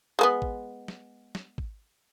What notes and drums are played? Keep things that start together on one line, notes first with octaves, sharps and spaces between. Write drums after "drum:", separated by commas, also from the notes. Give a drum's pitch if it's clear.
G#3 A#3 B3
drum: kick G#1
drum: snare
drum: snare
drum: kick G#1